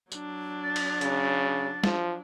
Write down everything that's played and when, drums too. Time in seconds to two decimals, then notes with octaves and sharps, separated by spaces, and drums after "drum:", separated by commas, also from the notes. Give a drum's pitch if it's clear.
0.12 F#3 D4, drum: tambourine
0.64 A6
0.76 drum: cymbal
1.01 C#3, drum: hi-hat
1.84 F3, drum: snare